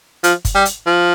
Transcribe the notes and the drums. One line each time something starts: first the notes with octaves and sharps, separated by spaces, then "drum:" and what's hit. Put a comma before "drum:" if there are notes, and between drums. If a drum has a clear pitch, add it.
F3, drum: hi-hat
drum: kick, hi-hat
G3
drum: hi-hat
F3